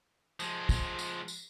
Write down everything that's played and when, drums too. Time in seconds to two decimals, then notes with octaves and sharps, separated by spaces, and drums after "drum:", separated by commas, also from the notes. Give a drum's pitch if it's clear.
0.40 F3 G#3, drum: tambourine
0.69 drum: kick, tambourine
0.99 drum: tambourine
1.28 drum: tambourine